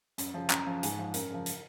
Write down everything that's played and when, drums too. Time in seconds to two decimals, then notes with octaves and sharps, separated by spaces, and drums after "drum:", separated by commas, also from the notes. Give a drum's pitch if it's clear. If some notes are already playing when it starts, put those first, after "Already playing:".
0.18 F#2, drum: hi-hat
0.34 C#3 F3
0.50 F#2 A#5, drum: clap
0.66 C#3 F3
0.83 G#2 G#5, drum: hi-hat
0.99 F3
1.14 F#2 A#4, drum: hi-hat
1.30 C#3 F3
1.46 drum: hi-hat